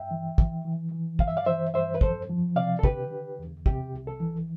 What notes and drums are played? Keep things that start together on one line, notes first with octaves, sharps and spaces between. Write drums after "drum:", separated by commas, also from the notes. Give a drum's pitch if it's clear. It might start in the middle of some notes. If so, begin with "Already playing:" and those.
Already playing: G2 E5 G5
E3
E3, drum: kick
E3
E3
G2 F5, drum: kick
E5
D5 F5
E3 C5 E5
G2 C5 E5
B4
F2 A4 C5, drum: kick
F3
C3 D5 F5
A4
D3 G4 B4, drum: kick
D3
E2
C3 G4, drum: kick
C2
A4
E3